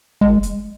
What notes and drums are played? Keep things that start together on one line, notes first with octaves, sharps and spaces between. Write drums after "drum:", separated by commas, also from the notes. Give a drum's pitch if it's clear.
G#3, drum: tom
drum: hi-hat